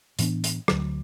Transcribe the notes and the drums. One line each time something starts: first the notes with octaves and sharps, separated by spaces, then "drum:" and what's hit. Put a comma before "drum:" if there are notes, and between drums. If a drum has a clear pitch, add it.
A2 E3 B3 D4, drum: hi-hat
drum: hi-hat
D2 D3 F#3, drum: rim click